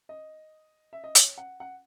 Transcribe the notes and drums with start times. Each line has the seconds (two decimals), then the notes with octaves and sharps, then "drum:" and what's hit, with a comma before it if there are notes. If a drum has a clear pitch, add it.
0.09 D#5
0.93 E5
1.04 D#5
1.15 C#5, drum: hi-hat
1.38 F#5
1.60 F#5